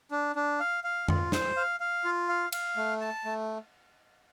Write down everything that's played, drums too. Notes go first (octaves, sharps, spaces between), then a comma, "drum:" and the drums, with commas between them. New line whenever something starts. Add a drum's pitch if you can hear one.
D4
D4
F5
F5
F4, drum: tom F2
C5, drum: snare
F5
F5
F4
F5
F5, drum: cymbal
A3
A5
A3